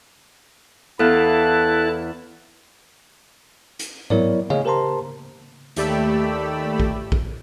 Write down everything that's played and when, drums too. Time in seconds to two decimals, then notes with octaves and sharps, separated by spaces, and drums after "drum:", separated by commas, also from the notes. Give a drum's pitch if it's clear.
0.99 E2 E4 A4 F5 A5 F#6
3.79 drum: hi-hat
4.10 F#3 B3 E4 A#4 C#5 D5, drum: tom G#2
4.50 G#4 C#5 D#5 F5 G#5, drum: tom C#3
4.65 G4 A#4 C5 A5 A#5 C6
5.76 D#2 A3 G4 D5 B5 E6, drum: hi-hat
6.80 drum: kick A#1
7.12 drum: kick A#1